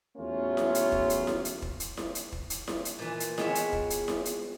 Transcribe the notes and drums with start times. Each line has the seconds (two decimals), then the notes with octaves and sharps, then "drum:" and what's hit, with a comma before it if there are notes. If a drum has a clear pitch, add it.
0.17 E2 A2 F#3 A3 C#4 F4
0.57 drum: snare E4
0.75 drum: hi-hat
0.92 drum: kick E1
1.10 drum: hi-hat
1.27 drum: snare E4
1.45 drum: hi-hat
1.62 drum: kick E1
1.80 drum: hi-hat
1.97 drum: snare E4
2.15 drum: hi-hat
2.32 drum: kick E1
2.50 drum: hi-hat
2.68 drum: snare E4
2.85 drum: hi-hat
2.99 A#2 E3
3.20 drum: hi-hat
3.38 G#3 B3 C4 F4 C#5 E5, drum: snare E4
3.55 drum: hi-hat
3.73 drum: kick E1
3.90 drum: hi-hat
4.08 drum: snare E4
4.25 drum: hi-hat